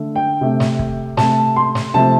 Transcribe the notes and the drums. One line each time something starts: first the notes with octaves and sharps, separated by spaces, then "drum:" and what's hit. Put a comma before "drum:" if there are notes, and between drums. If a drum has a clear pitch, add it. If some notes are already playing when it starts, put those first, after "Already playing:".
Already playing: D3 A3
G5
C3 A3
drum: snare
drum: kick
C3 A3 A5, drum: snare
C6
drum: snare
C3 F3 A3 A5